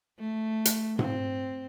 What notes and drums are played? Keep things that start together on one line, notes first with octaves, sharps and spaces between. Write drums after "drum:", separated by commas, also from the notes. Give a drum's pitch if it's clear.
A3
drum: hi-hat
C4, drum: tom G#2